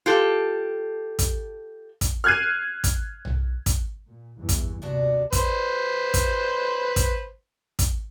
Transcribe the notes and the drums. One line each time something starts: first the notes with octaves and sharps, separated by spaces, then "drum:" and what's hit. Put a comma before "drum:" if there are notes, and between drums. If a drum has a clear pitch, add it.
F4 G4 A4
drum: kick, hi-hat
drum: kick, hi-hat
F6 F#6 G#6 C7 D#7
drum: kick, hi-hat
drum: tom
drum: kick, hi-hat
A#2
E2 G2 E3
drum: kick, hi-hat
D#2 C3 B3 D4 F#4
B4 C5, drum: kick, hi-hat
drum: kick, hi-hat
drum: kick, hi-hat
drum: kick, hi-hat